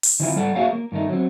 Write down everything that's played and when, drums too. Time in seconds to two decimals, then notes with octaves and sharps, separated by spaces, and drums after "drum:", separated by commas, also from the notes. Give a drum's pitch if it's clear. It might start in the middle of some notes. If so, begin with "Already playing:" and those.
0.03 drum: open hi-hat
0.20 D#3 E3 C4 E4 F4
0.36 G3 A4 F#5
0.55 A#3 F#4 G#4 C#5 E5 F5
0.73 A#3
0.92 G2 D#3 A3 D#4
1.09 F#3 C4